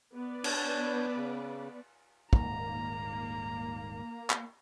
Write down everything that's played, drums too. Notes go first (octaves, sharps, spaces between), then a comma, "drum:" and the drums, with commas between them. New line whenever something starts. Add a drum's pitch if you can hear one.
B3 B4 D5
D4 C#5 G6, drum: cymbal
C#3
D#1 G#2 D#3 A#3 A#5, drum: kick
drum: clap